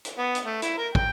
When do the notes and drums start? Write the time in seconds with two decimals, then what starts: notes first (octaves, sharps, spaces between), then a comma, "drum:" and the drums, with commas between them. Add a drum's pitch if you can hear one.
0.05 drum: hi-hat
0.19 B3
0.35 drum: hi-hat
0.45 A3
0.62 E4, drum: hi-hat
0.77 A#4
0.95 G5, drum: kick